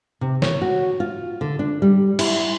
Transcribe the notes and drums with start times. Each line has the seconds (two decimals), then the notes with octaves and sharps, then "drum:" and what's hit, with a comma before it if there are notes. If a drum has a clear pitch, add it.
0.21 C3
0.42 C#5, drum: snare
0.62 F#4
1.00 F4
1.41 D3
1.59 D4
1.82 G3
2.19 E4, drum: cymbal